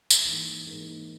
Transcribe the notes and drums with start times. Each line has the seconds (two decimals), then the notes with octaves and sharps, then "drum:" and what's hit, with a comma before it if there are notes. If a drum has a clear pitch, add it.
0.10 drum: tambourine
0.25 G#2 E3 A#3
0.66 G#2 E3 A#3